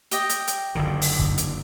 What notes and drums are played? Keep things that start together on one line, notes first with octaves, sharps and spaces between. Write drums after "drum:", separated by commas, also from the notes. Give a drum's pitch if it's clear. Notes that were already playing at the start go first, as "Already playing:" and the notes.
G4 D#5 G5, drum: hi-hat
drum: hi-hat
drum: hi-hat
F#1 D3 D#3
drum: open hi-hat
drum: kick
drum: hi-hat